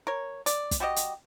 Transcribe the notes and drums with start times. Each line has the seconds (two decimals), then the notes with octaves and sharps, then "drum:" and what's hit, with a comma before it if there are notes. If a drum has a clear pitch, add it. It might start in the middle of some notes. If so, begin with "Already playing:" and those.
0.07 A#4 C#5
0.46 D5, drum: hi-hat
0.71 drum: kick, hi-hat
0.80 G3 F#4 G4 D#5
0.96 drum: hi-hat